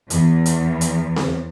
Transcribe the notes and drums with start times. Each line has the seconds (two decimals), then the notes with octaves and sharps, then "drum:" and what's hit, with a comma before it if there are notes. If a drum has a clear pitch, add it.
0.10 E2, drum: hi-hat
0.46 drum: hi-hat
0.81 drum: hi-hat
1.16 drum: snare C4